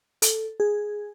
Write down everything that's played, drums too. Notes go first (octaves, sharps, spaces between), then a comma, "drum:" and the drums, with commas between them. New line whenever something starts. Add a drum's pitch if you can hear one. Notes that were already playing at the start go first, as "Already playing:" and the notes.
A4, drum: hi-hat
G#4